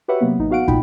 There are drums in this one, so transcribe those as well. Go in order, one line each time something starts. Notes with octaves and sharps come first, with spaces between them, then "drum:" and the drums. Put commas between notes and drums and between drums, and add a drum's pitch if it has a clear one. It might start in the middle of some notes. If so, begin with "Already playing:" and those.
F#4 G4 B4 C#5 E5 F#5
C3 F#3 A#3 B3
A1 D#4
B3 F#4 F5 F#5 D7
C2 A#2 D#4 F4 G5 B5, drum: kick